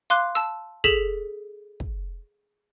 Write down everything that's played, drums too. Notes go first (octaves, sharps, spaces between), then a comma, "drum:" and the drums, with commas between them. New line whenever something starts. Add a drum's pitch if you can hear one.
F5 C6 D6 F#6
A5 E6
G#4 A4 B6 E7 F7, drum: kick
drum: kick